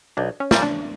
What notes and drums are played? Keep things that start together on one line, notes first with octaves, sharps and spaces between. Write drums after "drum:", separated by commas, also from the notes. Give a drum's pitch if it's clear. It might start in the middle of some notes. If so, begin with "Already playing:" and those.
B1 D4
C#4
A#2 G3, drum: snare
D4